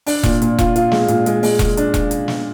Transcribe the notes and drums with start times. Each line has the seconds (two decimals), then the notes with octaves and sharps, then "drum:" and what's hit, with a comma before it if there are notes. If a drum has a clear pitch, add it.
0.06 D4, drum: open hi-hat
0.24 A#2, drum: kick E1, hi-hat
0.42 A#2, drum: hi-hat
0.59 F4, drum: kick E1, hi-hat
0.76 F4, drum: hi-hat
0.92 G#3, drum: snare
1.08 A#2, drum: hi-hat
1.26 G#3, drum: hi-hat
1.43 G#3, drum: open hi-hat
1.59 G#3, drum: kick E1, hi-hat
1.77 D4, drum: hi-hat
1.94 drum: kick E1, hi-hat
2.11 drum: hi-hat
2.28 drum: snare